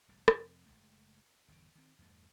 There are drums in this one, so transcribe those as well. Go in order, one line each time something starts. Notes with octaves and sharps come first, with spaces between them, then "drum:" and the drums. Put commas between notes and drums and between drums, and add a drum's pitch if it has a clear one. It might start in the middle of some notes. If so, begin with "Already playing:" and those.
E1 A1 A2 G3
F2 C3, drum: rim click
F#1 D#2 G#3 A3
G1 E2 B2
D#3 C4
E2 G2 B2 A3